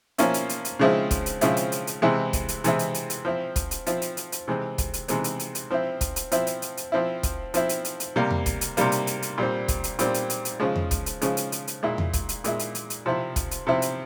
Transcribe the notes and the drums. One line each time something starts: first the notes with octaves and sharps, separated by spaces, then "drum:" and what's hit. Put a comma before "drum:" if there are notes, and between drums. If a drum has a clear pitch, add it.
F3 A#3 C#4 E4, drum: hi-hat
drum: hi-hat
drum: hi-hat
drum: hi-hat
C#3 F3 G#3 C4 E4
drum: kick, hi-hat
drum: hi-hat
C#3 F3 G#3 C4 E4, drum: hi-hat
drum: hi-hat
drum: hi-hat
drum: hi-hat
C3 E3 G#3 C4 E4
drum: kick, hi-hat
drum: hi-hat
C3 E3 G#3 C4 E4, drum: hi-hat
drum: hi-hat
drum: hi-hat
drum: hi-hat
F3 C4 E4
drum: kick, hi-hat
drum: hi-hat
F3 C4 E4, drum: hi-hat
drum: hi-hat
drum: hi-hat
drum: hi-hat
C3 E3 G#3 C4
drum: kick, hi-hat
drum: hi-hat
C3 E3 G#3 C4, drum: hi-hat
drum: hi-hat
drum: hi-hat
drum: hi-hat
F3 C4 E4
drum: kick, hi-hat
drum: hi-hat
F3 C4 E4, drum: hi-hat
drum: hi-hat
drum: hi-hat
drum: hi-hat
F3 C4 E4
drum: kick, hi-hat
F3 C4 E4, drum: hi-hat
drum: hi-hat
drum: hi-hat
drum: hi-hat
C3 G3 A#3
drum: tom E2
drum: kick, hi-hat
drum: hi-hat
C3 G3 A#3, drum: hi-hat
drum: hi-hat
drum: hi-hat
drum: hi-hat
A#2 G3 C4
drum: kick, hi-hat
drum: hi-hat
A#2 G3 C4, drum: hi-hat
drum: hi-hat
drum: hi-hat
drum: hi-hat
C#3 F3 G#3
drum: tom E2
drum: kick, hi-hat
drum: hi-hat
C#3 F3 G#3, drum: hi-hat
drum: hi-hat
drum: hi-hat
drum: hi-hat
A#2 G#3 E4
drum: tom E2
drum: kick, hi-hat
drum: hi-hat
A#2 G#3 E4, drum: hi-hat
drum: hi-hat
drum: hi-hat
drum: hi-hat
C3 F3 C4 E4
drum: kick, hi-hat
drum: hi-hat
C3 F3 C4 E4
drum: hi-hat